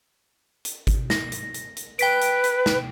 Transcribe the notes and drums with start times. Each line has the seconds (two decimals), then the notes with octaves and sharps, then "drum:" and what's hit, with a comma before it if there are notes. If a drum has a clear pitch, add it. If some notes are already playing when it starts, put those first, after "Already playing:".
0.65 drum: hi-hat
0.87 drum: kick G#1, hi-hat
1.10 A#6, drum: snare
1.32 drum: hi-hat
1.54 drum: hi-hat
1.77 drum: hi-hat
1.99 B4 G5 B6 D7, drum: hi-hat
2.21 drum: hi-hat
2.44 drum: hi-hat
2.66 drum: snare